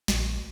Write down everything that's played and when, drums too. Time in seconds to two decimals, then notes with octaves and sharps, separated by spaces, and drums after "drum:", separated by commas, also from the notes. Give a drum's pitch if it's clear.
0.08 A#1, drum: snare